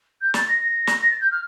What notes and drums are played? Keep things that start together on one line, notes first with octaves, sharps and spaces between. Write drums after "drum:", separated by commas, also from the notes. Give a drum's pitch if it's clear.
G6
A6, drum: snare
A#6
A#6
drum: snare
A#6
A6
G6
F6